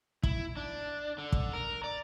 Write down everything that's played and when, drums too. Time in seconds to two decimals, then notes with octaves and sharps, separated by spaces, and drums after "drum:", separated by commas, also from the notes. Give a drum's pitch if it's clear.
0.23 E4, drum: kick
0.57 D4
1.18 D3
1.32 drum: kick
1.53 A#4
1.84 D5